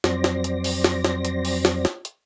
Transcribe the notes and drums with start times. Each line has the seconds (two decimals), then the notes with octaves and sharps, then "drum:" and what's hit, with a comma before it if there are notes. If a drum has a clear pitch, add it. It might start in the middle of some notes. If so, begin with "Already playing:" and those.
0.04 F2 F#3 C4 C5 D5 A#6, drum: snare
0.24 drum: snare
0.44 drum: hi-hat
0.64 drum: open hi-hat
0.84 drum: snare
1.05 drum: snare
1.25 drum: hi-hat
1.45 drum: open hi-hat
1.65 drum: snare
1.85 drum: snare
2.05 drum: hi-hat